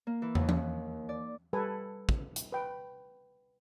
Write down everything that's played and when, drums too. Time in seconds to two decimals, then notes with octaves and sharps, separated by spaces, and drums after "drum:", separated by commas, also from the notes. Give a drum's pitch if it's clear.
0.07 A#3
0.22 E3
0.35 D#2, drum: tom
0.49 drum: tom
1.09 D5
1.53 G3 A4 B4 G#5
2.09 drum: kick
2.36 drum: hi-hat
2.52 B4 G5